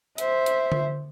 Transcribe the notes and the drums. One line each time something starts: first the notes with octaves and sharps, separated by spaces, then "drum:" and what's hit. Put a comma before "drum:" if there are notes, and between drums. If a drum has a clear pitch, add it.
C5 E5, drum: hi-hat
drum: hi-hat
drum: tom D3